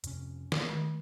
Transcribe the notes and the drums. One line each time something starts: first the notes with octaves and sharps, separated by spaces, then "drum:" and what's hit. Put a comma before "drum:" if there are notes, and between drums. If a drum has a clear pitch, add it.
F2 C3 C#4, drum: hi-hat
drum: snare
D#3 G#3 A3